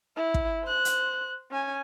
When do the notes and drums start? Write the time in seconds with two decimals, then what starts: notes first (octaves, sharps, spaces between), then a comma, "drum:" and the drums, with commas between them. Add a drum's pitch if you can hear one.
0.16 E4
0.34 drum: kick
0.64 C5 F#6
0.85 drum: hi-hat
1.51 C#4 G#5